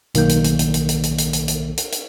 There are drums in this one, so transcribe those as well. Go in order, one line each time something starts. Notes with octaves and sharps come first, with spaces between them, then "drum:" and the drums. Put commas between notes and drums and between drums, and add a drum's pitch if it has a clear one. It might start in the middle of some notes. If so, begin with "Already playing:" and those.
B1 D#3 A#3 G6, drum: hi-hat
drum: hi-hat
drum: hi-hat
drum: hi-hat
drum: hi-hat
drum: hi-hat
drum: hi-hat
drum: hi-hat
drum: hi-hat
drum: hi-hat
drum: hi-hat
drum: hi-hat